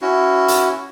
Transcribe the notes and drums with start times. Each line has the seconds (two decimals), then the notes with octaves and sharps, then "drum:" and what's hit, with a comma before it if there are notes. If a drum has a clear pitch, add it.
0.02 C#4 E4 F#4
0.48 drum: hi-hat